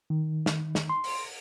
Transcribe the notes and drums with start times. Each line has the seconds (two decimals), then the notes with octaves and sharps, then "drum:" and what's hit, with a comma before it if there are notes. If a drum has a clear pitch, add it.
0.10 D#3
0.46 drum: snare
0.75 drum: snare
0.90 C6
1.04 drum: open hi-hat